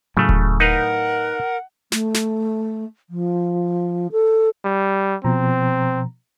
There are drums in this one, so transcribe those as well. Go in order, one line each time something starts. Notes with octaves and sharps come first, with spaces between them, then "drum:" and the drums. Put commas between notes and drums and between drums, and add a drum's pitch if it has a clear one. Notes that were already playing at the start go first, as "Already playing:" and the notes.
A2 C#3 F#3 A3
drum: kick D#1
D#4 A#4 B4 F5 F#5
A3, drum: snare
drum: snare
F3
A4
G3
B2 F3 C4 A#5